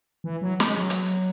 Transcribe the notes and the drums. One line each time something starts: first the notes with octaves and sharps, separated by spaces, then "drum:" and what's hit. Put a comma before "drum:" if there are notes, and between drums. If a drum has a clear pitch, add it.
E3
F#3
G#3, drum: snare
F#3
drum: hi-hat